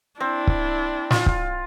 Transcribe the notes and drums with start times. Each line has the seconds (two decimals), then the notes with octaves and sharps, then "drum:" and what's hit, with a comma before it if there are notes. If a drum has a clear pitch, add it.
0.20 C4 D4 E4
0.47 drum: kick
1.11 F4, drum: snare
1.26 drum: kick